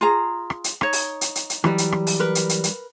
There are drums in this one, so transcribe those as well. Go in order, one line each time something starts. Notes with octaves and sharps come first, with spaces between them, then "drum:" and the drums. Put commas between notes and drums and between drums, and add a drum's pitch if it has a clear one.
F4 G#4 A#5
drum: rim click
drum: hi-hat
D#4 C#5, drum: rim click
drum: open hi-hat
drum: hi-hat
drum: hi-hat
drum: hi-hat
E3 F#3 G3, drum: rim click
drum: hi-hat
drum: rim click
drum: open hi-hat
A#4 B4
drum: hi-hat
drum: hi-hat
drum: hi-hat